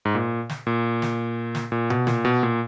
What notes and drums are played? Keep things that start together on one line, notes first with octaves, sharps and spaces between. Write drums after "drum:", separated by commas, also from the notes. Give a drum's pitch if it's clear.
G#2
A#2
drum: snare
A#2
drum: snare
drum: snare
A#2
B2, drum: tom B2
A#2, drum: snare
B2
A#2